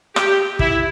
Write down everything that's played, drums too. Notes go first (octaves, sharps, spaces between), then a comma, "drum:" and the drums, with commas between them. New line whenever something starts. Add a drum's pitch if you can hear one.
G4, drum: rim click
E4, drum: kick